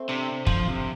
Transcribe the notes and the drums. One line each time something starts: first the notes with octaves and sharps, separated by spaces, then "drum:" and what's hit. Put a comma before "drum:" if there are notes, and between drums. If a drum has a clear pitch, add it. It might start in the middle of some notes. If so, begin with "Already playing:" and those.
Already playing: A3 C4 C5
C3 D4
F3, drum: kick
C3